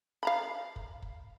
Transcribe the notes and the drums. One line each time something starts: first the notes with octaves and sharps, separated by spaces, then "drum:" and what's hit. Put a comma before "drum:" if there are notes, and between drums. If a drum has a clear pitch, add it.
F5 A#5 B5
drum: kick
drum: kick